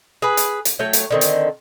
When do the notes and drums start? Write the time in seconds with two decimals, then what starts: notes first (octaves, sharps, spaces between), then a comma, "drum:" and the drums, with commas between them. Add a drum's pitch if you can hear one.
0.22 G#4 B4
0.37 drum: hi-hat
0.65 drum: hi-hat
0.79 F#3 A3 C#5 G5
0.93 drum: hi-hat
1.11 D3 D#3 C4
1.21 drum: hi-hat